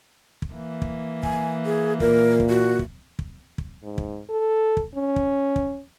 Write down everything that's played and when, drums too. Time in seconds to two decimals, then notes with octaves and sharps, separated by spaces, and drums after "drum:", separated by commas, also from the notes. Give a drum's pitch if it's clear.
0.42 drum: kick
0.53 E3 A#3
0.82 drum: kick
1.23 G#5, drum: kick
1.66 G#4
2.00 A#2 A#4, drum: kick
2.40 drum: kick
2.49 F#4
2.79 drum: kick
3.19 drum: kick
3.58 drum: kick
3.83 G#2
3.98 drum: kick
4.30 A4
4.77 drum: kick
4.95 C#4
5.16 drum: kick
5.56 drum: kick